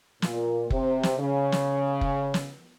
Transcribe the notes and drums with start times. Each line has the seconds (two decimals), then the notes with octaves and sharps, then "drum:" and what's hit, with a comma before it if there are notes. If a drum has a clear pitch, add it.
0.22 A#2, drum: snare
0.70 C3, drum: kick F#1
1.03 drum: snare
1.19 C#3
1.52 drum: snare
2.01 drum: kick F#1
2.34 drum: snare